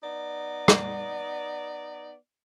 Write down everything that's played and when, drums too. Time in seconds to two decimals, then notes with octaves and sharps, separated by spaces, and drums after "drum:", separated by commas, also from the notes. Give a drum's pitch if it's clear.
0.03 B3 D#4 D5
0.68 drum: rim click